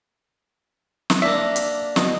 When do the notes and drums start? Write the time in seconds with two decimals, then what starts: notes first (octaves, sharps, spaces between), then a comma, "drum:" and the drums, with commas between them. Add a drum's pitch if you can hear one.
1.10 drum: snare
1.22 A#3 D4 E5
1.56 drum: hi-hat
1.96 B2, drum: snare